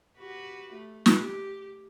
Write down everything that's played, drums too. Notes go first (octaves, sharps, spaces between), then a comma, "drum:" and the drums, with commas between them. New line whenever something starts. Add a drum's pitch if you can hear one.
F#4 G4 B4
A3
drum: snare
G4